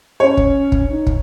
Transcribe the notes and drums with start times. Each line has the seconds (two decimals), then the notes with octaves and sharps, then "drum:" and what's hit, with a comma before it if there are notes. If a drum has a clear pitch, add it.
0.20 C#4 C#5
0.37 drum: kick
0.72 drum: kick
0.89 D#4
1.07 drum: kick